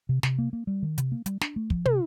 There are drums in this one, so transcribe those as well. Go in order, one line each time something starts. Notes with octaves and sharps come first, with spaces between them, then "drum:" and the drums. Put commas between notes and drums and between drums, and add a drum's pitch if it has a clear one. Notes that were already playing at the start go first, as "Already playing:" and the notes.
C3
C3, drum: snare
A#3
A#3
G3
D#3
C3, drum: hi-hat
A#3
G3, drum: hi-hat
D4, drum: snare
A3
F3, drum: kick
C3, drum: tom